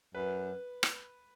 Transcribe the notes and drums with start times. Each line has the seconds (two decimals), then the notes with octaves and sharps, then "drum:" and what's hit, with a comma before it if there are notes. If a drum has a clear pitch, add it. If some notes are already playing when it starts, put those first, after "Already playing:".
0.14 F#2 B4
0.83 drum: rim click